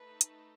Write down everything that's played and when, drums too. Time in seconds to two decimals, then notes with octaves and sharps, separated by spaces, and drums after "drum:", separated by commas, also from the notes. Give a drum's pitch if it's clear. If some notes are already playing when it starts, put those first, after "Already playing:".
Already playing: A3 D#4 A4 B4
0.21 drum: hi-hat